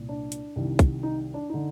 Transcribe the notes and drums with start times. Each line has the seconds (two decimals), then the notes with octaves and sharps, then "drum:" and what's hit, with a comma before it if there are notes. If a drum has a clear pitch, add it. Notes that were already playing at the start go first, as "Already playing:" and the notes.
Already playing: C2 A#2
0.09 D4
0.32 drum: hi-hat
0.56 C2 C3 D#3
0.79 drum: kick, hi-hat
1.03 D#4
1.34 D4
1.50 D3 D#4